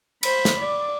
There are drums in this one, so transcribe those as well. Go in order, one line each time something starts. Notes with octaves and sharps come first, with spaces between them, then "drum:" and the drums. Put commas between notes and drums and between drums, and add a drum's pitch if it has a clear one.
C5 B5, drum: cymbal
drum: snare
D5